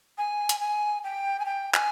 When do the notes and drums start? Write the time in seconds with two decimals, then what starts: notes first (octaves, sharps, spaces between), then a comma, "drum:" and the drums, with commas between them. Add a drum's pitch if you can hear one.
0.18 G#5
0.49 drum: hi-hat
0.60 G#5
1.04 G5
1.40 G#5
1.45 G5
1.74 G#5, drum: clap